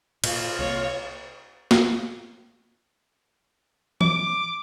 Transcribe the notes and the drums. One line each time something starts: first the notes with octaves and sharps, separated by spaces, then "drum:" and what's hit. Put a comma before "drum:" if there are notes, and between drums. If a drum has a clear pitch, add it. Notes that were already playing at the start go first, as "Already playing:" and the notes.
A#2 F4, drum: cymbal
C2 G#3 A#3 C#5
drum: snare
D6, drum: tom E3